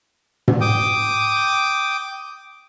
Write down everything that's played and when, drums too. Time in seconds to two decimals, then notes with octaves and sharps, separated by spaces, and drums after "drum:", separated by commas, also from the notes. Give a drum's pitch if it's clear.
0.48 drum: tom
0.61 G5 D6 D#6